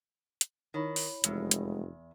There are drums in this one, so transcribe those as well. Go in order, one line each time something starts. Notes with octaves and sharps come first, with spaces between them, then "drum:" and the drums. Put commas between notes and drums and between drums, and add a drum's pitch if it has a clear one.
drum: hi-hat
D#3 E4 C#5 B5
drum: open hi-hat
F1 E2 G#3, drum: hi-hat
drum: hi-hat